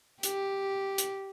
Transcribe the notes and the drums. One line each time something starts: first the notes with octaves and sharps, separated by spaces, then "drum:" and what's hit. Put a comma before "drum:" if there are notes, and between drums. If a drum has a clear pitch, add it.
G4, drum: hi-hat
drum: hi-hat